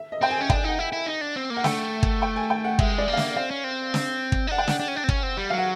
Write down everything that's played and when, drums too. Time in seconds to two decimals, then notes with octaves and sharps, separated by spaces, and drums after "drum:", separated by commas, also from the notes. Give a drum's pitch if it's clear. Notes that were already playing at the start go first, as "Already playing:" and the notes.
Already playing: E5
0.12 D#5
0.21 C4 G5
0.31 G#5
0.41 C#4
0.50 D4 G5, drum: kick
0.64 D#4 F#5
0.79 E4
0.93 E4
1.06 D#4
1.21 D4
1.36 C4
1.50 A#3
1.56 F#5
1.64 A3 G5, drum: snare
2.03 drum: kick
2.22 G5
2.36 G#5
2.50 G5
2.64 F#5
2.79 G#3 E5, drum: kick
2.98 D5
3.08 A#3
3.13 F5
3.17 E5, drum: snare
3.36 C4 F5
3.51 C#4
3.64 C4
3.94 drum: snare
4.32 drum: kick
4.47 D#4
4.51 D4 F#5
4.58 G5
4.67 F#5, drum: snare
4.80 D4
4.88 C#4
4.96 D4
5.04 C4
5.09 C#4, drum: kick
5.23 C4
5.37 G3
5.50 F#3 F5
5.58 F#5